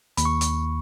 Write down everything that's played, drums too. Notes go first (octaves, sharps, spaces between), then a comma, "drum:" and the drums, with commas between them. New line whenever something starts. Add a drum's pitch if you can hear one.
D#2 B5, drum: hi-hat
C#6
drum: hi-hat